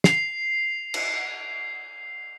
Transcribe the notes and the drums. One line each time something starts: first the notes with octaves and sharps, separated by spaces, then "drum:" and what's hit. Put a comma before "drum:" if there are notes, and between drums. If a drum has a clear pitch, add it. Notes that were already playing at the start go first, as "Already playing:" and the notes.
C7 F7, drum: snare
drum: cymbal